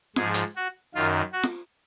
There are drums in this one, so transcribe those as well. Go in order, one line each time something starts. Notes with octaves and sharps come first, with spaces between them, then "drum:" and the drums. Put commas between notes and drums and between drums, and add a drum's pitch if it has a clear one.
G#2 F3 G#4, drum: snare F4
drum: hi-hat
F#4
F#2 D#3 F4
F#4
drum: snare F4